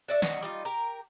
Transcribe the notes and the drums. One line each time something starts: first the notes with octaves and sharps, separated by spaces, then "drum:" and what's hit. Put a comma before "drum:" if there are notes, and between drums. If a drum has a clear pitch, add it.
F#4 D5 E5
F#4 D#5, drum: snare
G3 D#4 F4
G4 A#4 A#5